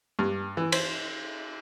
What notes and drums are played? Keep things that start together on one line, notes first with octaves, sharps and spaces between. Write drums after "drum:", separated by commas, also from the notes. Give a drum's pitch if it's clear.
G2
E3
C5, drum: cymbal